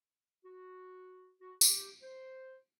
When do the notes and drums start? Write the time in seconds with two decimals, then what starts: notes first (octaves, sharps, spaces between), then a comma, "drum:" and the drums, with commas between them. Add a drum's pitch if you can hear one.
0.45 F#4
1.42 F#4
1.61 G4, drum: tambourine
2.03 C5